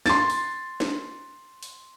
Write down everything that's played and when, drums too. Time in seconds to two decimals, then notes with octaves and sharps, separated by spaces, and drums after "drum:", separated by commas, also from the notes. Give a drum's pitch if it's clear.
0.06 C6 A6, drum: snare
0.30 drum: open hi-hat
0.80 drum: snare
1.63 drum: open hi-hat